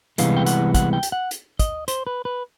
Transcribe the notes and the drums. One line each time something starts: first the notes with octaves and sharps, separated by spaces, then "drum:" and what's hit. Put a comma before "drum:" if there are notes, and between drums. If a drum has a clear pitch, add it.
C2 C3 E3 G#3 B3 F5, drum: hi-hat
G5
F#5, drum: hi-hat
F#5, drum: kick, hi-hat
G5
drum: hi-hat
F#5
drum: hi-hat
D#5, drum: kick, hi-hat
C5, drum: hi-hat
B4
B4